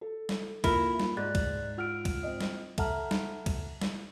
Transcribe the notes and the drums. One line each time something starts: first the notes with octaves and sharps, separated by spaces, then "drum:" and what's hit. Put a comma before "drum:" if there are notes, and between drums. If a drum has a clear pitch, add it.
A4
drum: snare
A#3 E4 F4 A#4 B5, drum: kick C#2, cymbal
drum: snare
G#2 G#3 D5 F#6 A6
drum: kick C#2, cymbal
F4 F#5 E6 F6 D7
drum: kick C#2, cymbal
C4 D#5
drum: snare
A4 E5 F#5 A5 A#5 F6, drum: kick C#2, cymbal
drum: snare
drum: kick C#2, cymbal
drum: snare